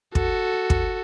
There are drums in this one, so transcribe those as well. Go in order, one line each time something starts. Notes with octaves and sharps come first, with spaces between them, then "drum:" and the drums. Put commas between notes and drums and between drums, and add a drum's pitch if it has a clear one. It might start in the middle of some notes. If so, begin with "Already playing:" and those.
F#4 A4, drum: kick
drum: kick